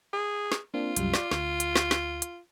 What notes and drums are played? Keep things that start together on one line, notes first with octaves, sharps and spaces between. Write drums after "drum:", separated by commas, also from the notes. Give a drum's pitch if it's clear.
G#4
drum: snare
A#3 C4 D4 F4
C2 F#2 G3, drum: hi-hat
D5, drum: snare
D2, drum: snare
drum: hi-hat
drum: snare
drum: snare
drum: hi-hat